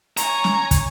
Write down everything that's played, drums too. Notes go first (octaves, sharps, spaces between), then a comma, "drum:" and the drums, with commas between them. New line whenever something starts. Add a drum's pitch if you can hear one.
C#5 G#5 A#5, drum: hi-hat
drum: snare
drum: kick, hi-hat